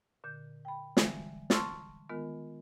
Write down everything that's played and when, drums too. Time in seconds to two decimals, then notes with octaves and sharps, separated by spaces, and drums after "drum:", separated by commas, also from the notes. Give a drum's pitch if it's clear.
0.24 A#2 D3 G6
0.65 G5 B5
0.97 D3 E3 G3 G#3, drum: snare
1.50 A5 C6 C#6 E6 F6 A6, drum: snare
2.09 D#3 G#3 B3 F4 A#4